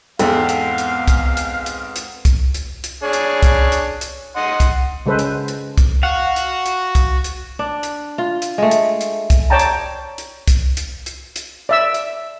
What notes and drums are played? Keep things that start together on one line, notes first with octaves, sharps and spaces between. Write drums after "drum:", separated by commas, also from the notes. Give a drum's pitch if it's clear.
E2 G#2 B3 C4 A4 F5, drum: hi-hat
drum: hi-hat
drum: hi-hat
drum: kick, hi-hat
drum: hi-hat
drum: hi-hat
drum: hi-hat
drum: kick, hi-hat
drum: hi-hat
drum: hi-hat
D4 G#4 C#5
drum: hi-hat
drum: kick, hi-hat
drum: hi-hat
drum: hi-hat
D#5 F#5 C6
drum: kick, hi-hat
C#3 G#3 A4 B4 C5
drum: hi-hat
drum: hi-hat
drum: kick, hi-hat
F#4 F5 F#5
drum: hi-hat
drum: hi-hat
drum: kick, hi-hat
drum: hi-hat
D4
drum: hi-hat
F4
drum: hi-hat
G#3 A3
drum: hi-hat
drum: hi-hat
drum: kick, hi-hat
C#5 D5 G5 A5 A#5
drum: hi-hat
drum: hi-hat
drum: kick, hi-hat
drum: hi-hat
drum: hi-hat
drum: hi-hat
D5 E5 E6
drum: hi-hat